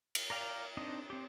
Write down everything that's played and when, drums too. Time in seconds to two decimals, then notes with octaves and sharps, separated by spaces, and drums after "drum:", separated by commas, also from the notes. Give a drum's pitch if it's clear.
0.15 drum: cymbal
0.30 A#4 D5 F5 G5 A#5
0.77 C4 D4 D#4 D#5
1.10 C4 G4